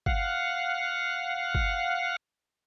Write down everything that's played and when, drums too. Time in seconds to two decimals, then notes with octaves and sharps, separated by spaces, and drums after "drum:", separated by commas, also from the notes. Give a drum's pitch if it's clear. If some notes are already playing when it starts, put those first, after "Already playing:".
0.06 F5 F#5, drum: kick G1
1.55 drum: kick G1